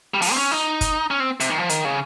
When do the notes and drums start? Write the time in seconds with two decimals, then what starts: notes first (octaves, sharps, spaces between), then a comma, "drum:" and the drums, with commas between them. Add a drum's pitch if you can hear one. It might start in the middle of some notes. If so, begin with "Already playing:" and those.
0.14 G3
0.22 F3, drum: open hi-hat
0.32 C4
0.36 C#4
0.51 D#4
0.81 drum: kick F#1, hi-hat
1.11 C#4
1.20 C4
1.40 C3, drum: hi-hat
1.50 D#3
1.59 F3
1.69 D#3, drum: hi-hat
1.85 C#3